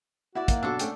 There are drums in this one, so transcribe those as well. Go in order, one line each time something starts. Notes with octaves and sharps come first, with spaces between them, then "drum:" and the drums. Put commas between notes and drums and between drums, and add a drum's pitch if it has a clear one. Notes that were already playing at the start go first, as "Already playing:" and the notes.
E4 F#4 D5 E5 F#5
A#3, drum: kick, hi-hat
B1 D4 F#4 A4 E6
A3 C#4 G5, drum: hi-hat